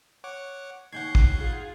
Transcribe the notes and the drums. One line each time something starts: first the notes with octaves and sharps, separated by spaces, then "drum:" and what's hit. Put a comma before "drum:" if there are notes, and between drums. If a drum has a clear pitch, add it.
C#5 F#5 D6
D#2 C#3 C#5 F#5 G6 G#6 C7
drum: kick
F4 G#4